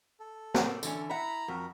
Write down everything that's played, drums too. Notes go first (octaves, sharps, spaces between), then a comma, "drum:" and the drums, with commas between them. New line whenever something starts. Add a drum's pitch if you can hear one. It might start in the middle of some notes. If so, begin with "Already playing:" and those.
A4
G3 A3 A#3, drum: snare
D3 E3 C#4, drum: tambourine
E4 E5 F#5 A#5 B5
F2 F#4 A#4